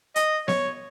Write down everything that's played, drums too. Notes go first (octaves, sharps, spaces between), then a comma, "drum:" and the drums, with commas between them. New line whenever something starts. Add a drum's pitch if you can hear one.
D#5, drum: hi-hat
C#5, drum: snare B3